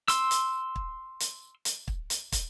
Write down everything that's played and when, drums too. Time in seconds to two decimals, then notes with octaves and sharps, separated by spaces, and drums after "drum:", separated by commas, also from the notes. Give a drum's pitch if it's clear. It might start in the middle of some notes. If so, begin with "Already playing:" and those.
0.08 C6 E6, drum: hi-hat
0.31 drum: hi-hat
0.76 drum: kick
1.20 drum: hi-hat
1.65 drum: hi-hat
1.88 drum: kick
2.10 drum: hi-hat
2.32 drum: kick, hi-hat